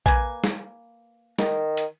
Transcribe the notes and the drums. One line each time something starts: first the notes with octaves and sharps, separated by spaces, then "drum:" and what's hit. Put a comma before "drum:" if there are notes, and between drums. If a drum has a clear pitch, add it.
A#3 B4 G#5, drum: kick A#1
drum: snare
D#3, drum: snare
drum: hi-hat